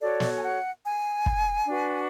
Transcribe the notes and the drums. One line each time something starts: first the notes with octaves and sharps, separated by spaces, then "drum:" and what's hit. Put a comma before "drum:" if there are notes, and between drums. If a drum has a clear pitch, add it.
F#4 A4 C#5 D5
drum: snare
G#5
F#5
G#5
drum: kick
D4 F#4 B4